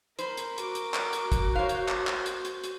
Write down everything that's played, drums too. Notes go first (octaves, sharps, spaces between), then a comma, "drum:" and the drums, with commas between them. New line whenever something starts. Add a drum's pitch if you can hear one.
A#4 C5 B5, drum: hi-hat
drum: hi-hat
F#4 D6, drum: hi-hat
drum: hi-hat
drum: clap
drum: hi-hat
drum: kick, hi-hat
C5 C#5 F5
drum: hi-hat
drum: clap
drum: clap
drum: hi-hat
drum: hi-hat
drum: hi-hat